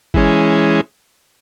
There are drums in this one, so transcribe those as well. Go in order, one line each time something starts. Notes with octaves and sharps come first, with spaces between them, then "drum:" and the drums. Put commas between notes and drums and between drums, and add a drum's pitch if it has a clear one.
E3 G#3 C#4, drum: kick G1